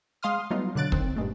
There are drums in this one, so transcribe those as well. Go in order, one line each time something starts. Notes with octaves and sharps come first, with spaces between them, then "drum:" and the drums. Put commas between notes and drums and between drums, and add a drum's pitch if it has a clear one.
G#3 F5 C6 D#6 F6
F#3 G3 A3 B3 D#4 F4
B2 D3 F#3 F#6 A6 D7
D#3 C4, drum: kick
G2 A#2 G#3 A3